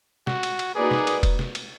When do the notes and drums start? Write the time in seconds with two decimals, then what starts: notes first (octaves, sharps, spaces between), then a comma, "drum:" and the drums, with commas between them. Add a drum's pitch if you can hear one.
0.27 F#4, drum: snare
0.43 drum: cymbal
0.59 drum: cymbal
0.75 A#3 D#4 F#4 G#4 B4 D5
0.91 drum: snare
1.07 drum: cymbal
1.23 drum: kick E1, cymbal
1.39 drum: snare
1.55 drum: cymbal